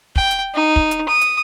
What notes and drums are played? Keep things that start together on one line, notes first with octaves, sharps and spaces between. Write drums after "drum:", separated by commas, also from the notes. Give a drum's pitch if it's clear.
G5, drum: kick
drum: hi-hat
D#4
drum: kick
drum: hi-hat
D#6
drum: hi-hat